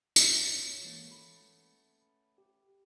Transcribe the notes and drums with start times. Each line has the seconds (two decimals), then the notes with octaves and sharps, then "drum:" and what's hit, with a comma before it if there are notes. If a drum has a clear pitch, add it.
0.16 A3 B3 C#4, drum: tambourine
0.84 E3 G#3 A#3
1.11 B5
2.38 G4